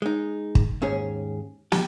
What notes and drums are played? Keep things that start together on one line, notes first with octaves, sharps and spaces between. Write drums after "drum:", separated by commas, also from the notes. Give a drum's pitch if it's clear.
G#3 D#4
drum: kick
D#2 G#2 C#4 G#4
G4, drum: snare